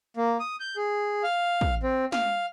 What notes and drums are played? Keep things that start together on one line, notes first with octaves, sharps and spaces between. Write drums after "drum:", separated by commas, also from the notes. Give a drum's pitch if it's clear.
A#3
D#6
G6
G#4
F5
drum: kick
C4
F5, drum: snare